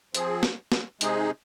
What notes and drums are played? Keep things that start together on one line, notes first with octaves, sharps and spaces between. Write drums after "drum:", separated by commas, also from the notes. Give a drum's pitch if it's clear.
F3 C4 G#4, drum: hi-hat
drum: snare
drum: snare
C3 G#3 D#4 G#4, drum: hi-hat